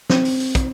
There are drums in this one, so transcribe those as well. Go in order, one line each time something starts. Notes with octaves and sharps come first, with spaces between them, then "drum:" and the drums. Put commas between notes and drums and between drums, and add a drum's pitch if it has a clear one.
C4, drum: snare
drum: open hi-hat
drum: open hi-hat
drum: kick, hi-hat